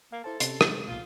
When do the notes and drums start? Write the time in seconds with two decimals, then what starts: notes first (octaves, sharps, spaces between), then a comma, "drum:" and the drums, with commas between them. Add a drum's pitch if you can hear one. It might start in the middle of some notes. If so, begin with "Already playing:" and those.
0.12 A#3 F5
0.24 E4 A4 C5 A5
0.40 C3 C#4, drum: hi-hat
0.61 drum: rim click
0.71 G#3
0.88 B1 A#2 F4